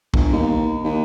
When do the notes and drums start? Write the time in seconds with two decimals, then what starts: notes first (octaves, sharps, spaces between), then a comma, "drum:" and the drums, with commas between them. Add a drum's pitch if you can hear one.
0.14 G1, drum: kick
0.33 D#2
0.84 D#2